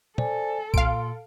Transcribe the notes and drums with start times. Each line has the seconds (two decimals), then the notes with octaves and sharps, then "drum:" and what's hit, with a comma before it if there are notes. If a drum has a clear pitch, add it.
0.18 A4 C5 D5 G#5, drum: tom
0.74 A#2 F5 C6 D7, drum: kick B1